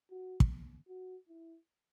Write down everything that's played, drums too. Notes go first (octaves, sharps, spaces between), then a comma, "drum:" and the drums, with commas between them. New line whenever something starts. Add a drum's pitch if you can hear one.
F#4
drum: kick
F#4
E4